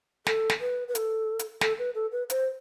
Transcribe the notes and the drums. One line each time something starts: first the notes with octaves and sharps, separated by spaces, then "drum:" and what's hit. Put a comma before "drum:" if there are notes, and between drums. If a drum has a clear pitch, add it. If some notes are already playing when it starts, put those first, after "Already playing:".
A4, drum: snare
drum: snare
B4
B4
A4, drum: hi-hat
drum: hi-hat
A4, drum: snare
B4
A4
B4
C5, drum: hi-hat